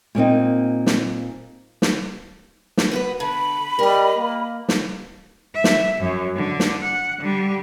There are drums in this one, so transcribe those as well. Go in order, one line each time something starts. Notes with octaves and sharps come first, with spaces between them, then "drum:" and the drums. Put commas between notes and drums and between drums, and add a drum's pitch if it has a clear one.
A#2 A#3 C4 D#4
drum: snare
drum: snare
drum: snare
B3 F#4 B4
D3 B5
G3 A#4 D#5
A#3
drum: snare
E5
drum: snare
F#2 F#3
D3
drum: snare
F#5
D3 G3